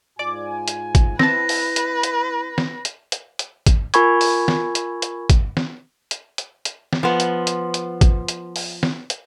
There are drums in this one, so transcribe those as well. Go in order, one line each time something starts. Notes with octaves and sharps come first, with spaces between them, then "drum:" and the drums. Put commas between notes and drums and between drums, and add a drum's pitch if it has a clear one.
G#2 F4 D5 G#5 D6
drum: hi-hat
drum: kick, hi-hat
C4 E4 B4 A5 A#6, drum: snare
drum: open hi-hat
drum: hi-hat
drum: hi-hat
drum: snare
drum: hi-hat
drum: hi-hat
drum: hi-hat
drum: kick, hi-hat
F4 A#4 G#5 B5 C#6 G#6, drum: hi-hat
drum: open hi-hat
drum: snare
drum: hi-hat
drum: hi-hat
drum: kick, hi-hat
drum: snare
drum: hi-hat
drum: hi-hat
drum: hi-hat
drum: snare
F3 B3
drum: hi-hat
drum: hi-hat
drum: hi-hat
drum: kick, hi-hat
drum: hi-hat
drum: open hi-hat
drum: snare
drum: hi-hat